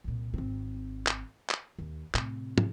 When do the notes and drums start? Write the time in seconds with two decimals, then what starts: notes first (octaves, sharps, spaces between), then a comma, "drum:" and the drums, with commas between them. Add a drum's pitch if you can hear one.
0.04 C2 A#2
0.34 G#1 C4
1.07 drum: clap
1.50 drum: clap
1.79 D#2
2.14 A2 C3, drum: clap
2.58 drum: tom